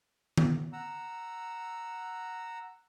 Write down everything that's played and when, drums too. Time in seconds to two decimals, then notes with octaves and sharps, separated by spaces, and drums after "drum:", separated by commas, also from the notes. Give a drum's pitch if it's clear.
0.37 drum: tom D#3
0.73 F#5 A#5 E6